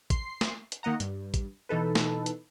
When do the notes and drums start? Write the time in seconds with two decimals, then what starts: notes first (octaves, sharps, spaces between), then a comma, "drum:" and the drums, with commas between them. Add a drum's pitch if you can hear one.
0.10 C6 C7, drum: kick, hi-hat
0.41 drum: snare
0.72 drum: hi-hat
0.83 D#3 A#3 D#5 F#5 A#5
1.00 G2, drum: hi-hat
1.34 drum: kick, hi-hat
1.69 B2 E3 D#4 A4 B4
1.95 drum: snare
2.26 drum: hi-hat